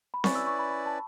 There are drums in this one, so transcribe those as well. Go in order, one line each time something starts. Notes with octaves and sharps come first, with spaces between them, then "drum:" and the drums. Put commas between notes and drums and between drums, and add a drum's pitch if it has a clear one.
B5
C#4 E4 B4 D5 C#6, drum: snare C4
E6
C#6
B5
B5
A5